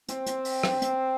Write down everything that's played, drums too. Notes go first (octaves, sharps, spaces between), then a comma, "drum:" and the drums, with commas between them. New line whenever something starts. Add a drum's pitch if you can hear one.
C4, drum: hi-hat
drum: hi-hat
drum: open hi-hat
drum: rim click
drum: hi-hat